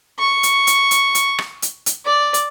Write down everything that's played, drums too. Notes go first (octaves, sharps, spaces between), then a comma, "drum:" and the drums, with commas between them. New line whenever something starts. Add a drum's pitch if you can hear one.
C#6
drum: hi-hat
drum: hi-hat
drum: hi-hat
drum: hi-hat
drum: rim click
drum: hi-hat
drum: hi-hat
D5
drum: hi-hat